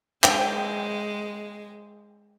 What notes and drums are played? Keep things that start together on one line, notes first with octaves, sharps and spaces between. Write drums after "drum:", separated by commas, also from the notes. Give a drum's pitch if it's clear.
G#3 G5, drum: clap